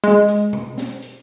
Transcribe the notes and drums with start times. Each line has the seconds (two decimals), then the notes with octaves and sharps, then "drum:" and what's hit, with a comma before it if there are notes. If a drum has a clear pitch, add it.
0.04 G#3, drum: hi-hat
0.28 drum: hi-hat
0.53 drum: tom B2
0.78 drum: snare
1.02 drum: hi-hat